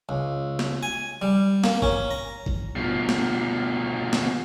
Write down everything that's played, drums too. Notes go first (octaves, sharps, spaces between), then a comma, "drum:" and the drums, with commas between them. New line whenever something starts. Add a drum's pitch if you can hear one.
C#2
drum: snare
G#5
G3
A#3, drum: snare
C#4, drum: kick G#1
A#5
drum: kick G#1
B2 F3
drum: snare
drum: snare